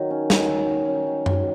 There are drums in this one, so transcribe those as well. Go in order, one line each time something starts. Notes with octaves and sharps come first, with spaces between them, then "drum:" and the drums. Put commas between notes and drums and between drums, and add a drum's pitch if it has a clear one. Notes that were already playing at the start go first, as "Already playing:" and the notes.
Already playing: D#3 F#3
C#4
D#3, drum: snare
D#3
D#3
C#4
D#3
F#3, drum: tom F#2